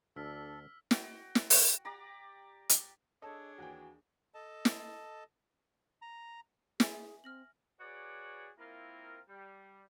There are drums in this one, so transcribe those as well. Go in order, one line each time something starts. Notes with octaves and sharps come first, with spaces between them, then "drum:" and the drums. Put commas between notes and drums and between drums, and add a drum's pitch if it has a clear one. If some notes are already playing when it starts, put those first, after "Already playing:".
D2 D4 A4 E6 F6 B6
F#4 G5, drum: snare
drum: snare
drum: open hi-hat
G4 D5 A#5 D6
drum: hi-hat
D4 G#4 A4 C#5 D#5 A5 E6
D#2 E3 F#4 G5 G#5
A4 D#5 A5
drum: snare
A#5
G#4 E5 G#5, drum: snare
C4 F6 A#6 F#7
F#4 G#4 B4 C#5 D5
A#3 C4 E4 F4 A#4
G3